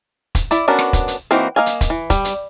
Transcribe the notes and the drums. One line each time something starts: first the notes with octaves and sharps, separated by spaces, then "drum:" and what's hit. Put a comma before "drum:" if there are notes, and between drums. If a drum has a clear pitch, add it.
drum: kick E1, hi-hat
E4 D5, drum: hi-hat
B3 C#4 D4 F#4 A#4
drum: rim click
drum: kick E1, hi-hat
drum: hi-hat
E3 A#3 C4 D#4 F#4
A#3 D#5 F5 G#5
drum: hi-hat
drum: kick E1, hi-hat
E3
G3, drum: kick E1, hi-hat
drum: hi-hat